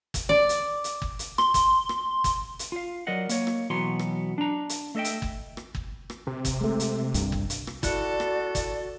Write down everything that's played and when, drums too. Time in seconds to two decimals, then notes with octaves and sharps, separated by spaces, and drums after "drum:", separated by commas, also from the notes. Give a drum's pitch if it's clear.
0.14 drum: kick, hi-hat
0.29 D5
0.49 drum: hi-hat
0.84 drum: hi-hat
1.02 drum: kick
1.19 drum: hi-hat
1.38 C6, drum: rim click
1.54 drum: kick, hi-hat
1.89 drum: rim click
2.24 drum: kick, hi-hat
2.59 drum: hi-hat
2.72 F4 F5
3.07 F#3 A#4 D5 D#5 F#5
3.29 A#3 C#5, drum: hi-hat
3.47 drum: rim click
3.70 B2 E3 F#3 B3 C#5 C6
3.99 drum: rim click
4.38 D4 A#5
4.69 drum: hi-hat
4.95 A3 A4 D#5 E5 G5
5.04 drum: hi-hat
5.22 drum: kick
5.57 drum: rim click
5.75 drum: kick
6.10 drum: rim click
6.27 C3
6.45 drum: kick, hi-hat
6.61 G#3 A3
6.80 drum: hi-hat
7.14 C2 G2, drum: hi-hat
7.32 drum: kick
7.50 drum: hi-hat
7.67 drum: rim click
7.83 E4 F#4 A4 D5 F#6 C#7, drum: kick, hi-hat
8.20 drum: rim click
8.55 drum: kick, hi-hat